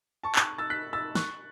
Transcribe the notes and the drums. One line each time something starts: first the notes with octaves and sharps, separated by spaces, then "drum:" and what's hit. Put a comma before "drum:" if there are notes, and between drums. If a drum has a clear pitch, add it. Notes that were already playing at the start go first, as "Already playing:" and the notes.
A5 C#6
C#6 F#6, drum: clap
E6 A6
F#6 B6
E6 A6
C#6 F#6, drum: snare